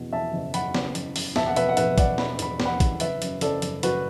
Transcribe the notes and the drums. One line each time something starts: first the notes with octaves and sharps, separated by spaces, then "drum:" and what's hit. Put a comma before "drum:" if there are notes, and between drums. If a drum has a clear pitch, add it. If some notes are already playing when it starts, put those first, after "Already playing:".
Already playing: E2 B2
E2 E5 A5
F#1
F#1 F#5 B5, drum: hi-hat
F#1, drum: snare
F#1, drum: hi-hat
F#1, drum: open hi-hat
E1 E5 A5, drum: snare
F#5
B2 B4 E5, drum: hi-hat
F#5
E1 B4 E5, drum: hi-hat
E1 D5 F#5, drum: kick, hi-hat
E1 B5, drum: snare
E1 B5, drum: hi-hat
E1, drum: snare
F#5 B5
E2, drum: kick, hi-hat
F#1 B4 E5, drum: hi-hat
F#2, drum: hi-hat
F#1 A4 D5, drum: hi-hat
F#1, drum: hi-hat
F#1 F#4 B4, drum: hi-hat